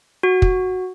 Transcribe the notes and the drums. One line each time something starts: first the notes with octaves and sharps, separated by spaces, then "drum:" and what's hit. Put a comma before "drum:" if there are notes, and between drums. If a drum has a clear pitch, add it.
F#4
drum: kick